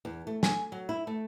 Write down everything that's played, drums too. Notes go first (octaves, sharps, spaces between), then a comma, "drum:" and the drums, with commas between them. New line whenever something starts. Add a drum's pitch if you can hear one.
E2
A3
G#5, drum: snare
F#3
E4
A3